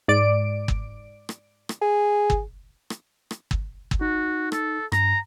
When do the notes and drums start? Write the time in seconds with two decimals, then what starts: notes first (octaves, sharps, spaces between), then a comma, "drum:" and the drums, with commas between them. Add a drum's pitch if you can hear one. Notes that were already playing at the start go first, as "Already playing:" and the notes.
0.08 G#2 D5 D7
0.68 drum: kick
1.29 drum: rim click
1.69 drum: rim click
1.82 G#4
2.30 drum: kick
2.90 drum: rim click
3.31 drum: rim click
3.51 drum: kick
3.91 drum: kick
4.01 D#4 F#4
4.52 A4, drum: rim click
4.92 G2 A#5, drum: rim click